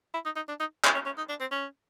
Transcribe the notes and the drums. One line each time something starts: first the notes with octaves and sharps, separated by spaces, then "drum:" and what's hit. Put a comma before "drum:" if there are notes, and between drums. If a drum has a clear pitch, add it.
E4
D#4
D#4
D4
D#4
drum: clap
C#4
C#4
D#4
D4
C4
C#4